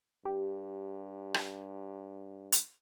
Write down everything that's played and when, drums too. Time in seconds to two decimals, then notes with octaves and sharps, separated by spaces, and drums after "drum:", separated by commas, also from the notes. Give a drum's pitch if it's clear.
0.25 G2 G4
1.34 drum: rim click
2.52 drum: hi-hat